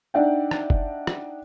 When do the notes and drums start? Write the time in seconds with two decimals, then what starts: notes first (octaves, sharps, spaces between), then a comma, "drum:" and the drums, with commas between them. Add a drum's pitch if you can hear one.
0.14 D4 D#4 D5 E5 F#5 G5
0.51 drum: rim click
0.70 drum: kick
1.07 drum: rim click